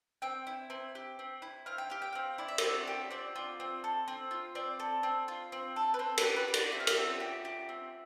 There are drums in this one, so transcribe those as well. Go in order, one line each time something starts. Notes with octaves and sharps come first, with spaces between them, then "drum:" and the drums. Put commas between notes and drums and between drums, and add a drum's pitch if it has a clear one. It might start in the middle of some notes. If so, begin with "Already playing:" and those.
C4 G5
E4
C4
G4
C4
E4
C4 F5
G5
G4 F5
G5
C4 F5
E4 D5
E5
D5, drum: cymbal
C4
G4
C4 D5
F4
C4
A4
C4
F4
C4 D5
A4
C4
F4
C4
A4
B4
C4 A4
B4, drum: cymbal
G4
B4
G4
D5, drum: cymbal
C4 E5
F5
E5, drum: cymbal
C4
G4
G4
C4